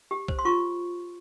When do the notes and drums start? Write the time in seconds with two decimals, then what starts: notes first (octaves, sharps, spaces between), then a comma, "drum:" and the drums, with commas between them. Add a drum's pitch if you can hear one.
0.11 G4
0.28 C5, drum: kick
0.39 C6
0.45 F4 C#6